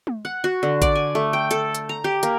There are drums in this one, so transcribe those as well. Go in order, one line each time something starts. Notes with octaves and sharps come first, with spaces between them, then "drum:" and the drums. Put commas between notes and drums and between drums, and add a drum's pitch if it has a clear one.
drum: tom G#3
F#5
F#4
D3
D5, drum: kick A1, hi-hat
G#5
A3
G5
A4, drum: hi-hat
drum: hi-hat
A#5
G4
A#3, drum: hi-hat